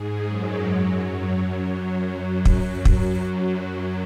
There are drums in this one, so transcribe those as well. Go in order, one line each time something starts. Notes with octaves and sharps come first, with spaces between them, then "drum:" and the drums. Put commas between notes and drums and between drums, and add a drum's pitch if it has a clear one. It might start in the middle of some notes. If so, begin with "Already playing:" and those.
Already playing: G#2 G#3
F#2 F#3
F#2 F#3
F#2 F#3
drum: kick
drum: kick
F#2 F#3